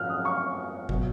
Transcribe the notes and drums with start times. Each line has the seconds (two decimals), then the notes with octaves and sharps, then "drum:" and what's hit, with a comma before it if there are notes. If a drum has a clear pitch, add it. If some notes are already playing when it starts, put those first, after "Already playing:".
Already playing: F#2 F3 F6 F#6
0.09 D#6
0.25 C#6
0.89 B2 F#3, drum: kick G1